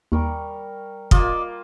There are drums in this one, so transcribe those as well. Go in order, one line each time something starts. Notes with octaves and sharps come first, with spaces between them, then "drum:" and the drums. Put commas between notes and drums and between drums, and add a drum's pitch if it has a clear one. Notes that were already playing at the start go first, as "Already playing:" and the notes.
D#2 G3 A#4 C#6
A#3 F4 D5 D#5, drum: kick